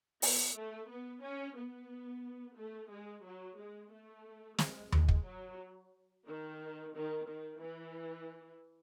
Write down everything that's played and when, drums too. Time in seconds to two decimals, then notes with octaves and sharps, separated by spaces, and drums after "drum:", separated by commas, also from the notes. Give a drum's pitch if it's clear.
0.22 B3, drum: open hi-hat
0.56 A3
0.90 B3
1.23 C#4
1.57 B3
2.57 A3
2.91 G#3
3.24 F#3
3.58 G#3
3.91 A3
4.58 G#3, drum: snare
4.92 G#3, drum: tom D#2
5.09 drum: kick
5.26 F#3
6.26 D#3
6.94 D#3
7.27 D#3
7.61 E3